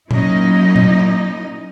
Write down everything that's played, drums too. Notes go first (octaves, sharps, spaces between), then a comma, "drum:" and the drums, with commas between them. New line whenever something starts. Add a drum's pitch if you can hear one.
F#3 A#3 C#4 D#4 E4 D#5, drum: tom
drum: tom